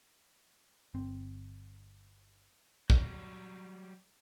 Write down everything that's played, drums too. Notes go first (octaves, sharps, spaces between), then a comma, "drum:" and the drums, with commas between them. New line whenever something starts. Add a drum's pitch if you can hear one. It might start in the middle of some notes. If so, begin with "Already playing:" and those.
G1 C4
F#3 G3, drum: kick